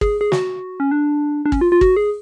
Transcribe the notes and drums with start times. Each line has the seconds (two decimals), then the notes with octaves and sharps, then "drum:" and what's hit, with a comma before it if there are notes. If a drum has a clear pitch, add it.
0.01 G#4, drum: kick G#1
0.21 G#4
0.32 F#4, drum: snare
0.80 C#4
0.91 D4
1.45 D4
1.52 C#4, drum: kick G#1
1.61 F4
1.72 F4
1.81 F#4, drum: kick G#1
1.96 G#4